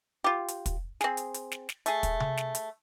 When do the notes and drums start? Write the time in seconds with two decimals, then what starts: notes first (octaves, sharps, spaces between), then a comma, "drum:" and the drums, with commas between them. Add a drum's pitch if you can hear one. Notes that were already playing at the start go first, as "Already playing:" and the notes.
0.24 F4 G4
0.48 drum: hi-hat
0.66 drum: kick, hi-hat
1.01 C4 G#4, drum: snare
1.17 drum: hi-hat
1.34 drum: hi-hat
1.52 drum: snare
1.69 drum: snare
1.86 A3 G#4, drum: hi-hat
2.03 drum: kick, hi-hat
2.20 drum: tom C3
2.37 drum: snare
2.55 drum: hi-hat